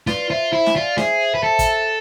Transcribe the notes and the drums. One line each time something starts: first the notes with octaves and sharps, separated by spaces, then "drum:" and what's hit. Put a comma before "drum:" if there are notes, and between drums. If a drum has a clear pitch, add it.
F4 B4 D5, drum: snare
F4 C5 E5
E4 C5 E5
G#5, drum: snare
F4 D5 F5
G#4 C5 E5, drum: snare
B4
A4
drum: kick, hi-hat